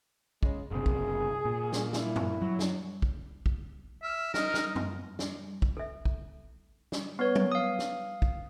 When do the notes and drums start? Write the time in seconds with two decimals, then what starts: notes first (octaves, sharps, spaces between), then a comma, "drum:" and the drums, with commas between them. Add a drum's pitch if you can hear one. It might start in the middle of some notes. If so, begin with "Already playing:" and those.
0.43 C#3 G#3, drum: kick
0.71 F#1 C3 G#4
0.86 drum: kick
1.45 A#2
1.72 drum: snare
1.93 E4, drum: snare
2.16 drum: tom F#2
2.42 F#3
2.59 drum: snare
3.02 drum: kick
3.46 drum: kick
4.03 E5 F6
4.34 D#4 A#4 D#5, drum: snare
4.54 drum: snare
4.76 drum: tom F#2
5.19 drum: snare
5.62 drum: kick
5.77 A4 E5
6.05 drum: kick
6.92 drum: snare
7.19 B3 B4 C#5 C#6
7.35 drum: tom F#3
7.52 F5 D#6
7.79 drum: snare
8.22 drum: kick